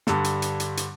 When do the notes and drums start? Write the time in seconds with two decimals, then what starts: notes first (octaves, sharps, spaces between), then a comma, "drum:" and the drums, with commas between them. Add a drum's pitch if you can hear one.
0.07 G2 D3, drum: snare
0.24 drum: hi-hat
0.42 drum: hi-hat
0.60 drum: hi-hat
0.77 drum: hi-hat